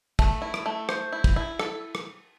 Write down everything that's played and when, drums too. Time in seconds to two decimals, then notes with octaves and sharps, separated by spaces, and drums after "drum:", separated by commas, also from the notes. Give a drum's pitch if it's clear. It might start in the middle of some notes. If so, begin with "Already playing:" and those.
0.19 A3, drum: kick, cymbal
0.42 E4
0.54 drum: rim click
0.66 A3
0.89 C5, drum: rim click
1.12 E4
1.24 drum: kick, cymbal
1.36 E4
1.59 A4, drum: rim click
1.95 drum: rim click